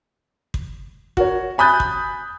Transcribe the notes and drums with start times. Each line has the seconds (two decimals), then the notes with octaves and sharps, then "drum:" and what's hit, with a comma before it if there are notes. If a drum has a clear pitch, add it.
0.54 drum: kick
1.17 F#4 A#4 C#5, drum: kick
1.58 G#5 B5 D#6 F#6 G6 A6
1.80 drum: kick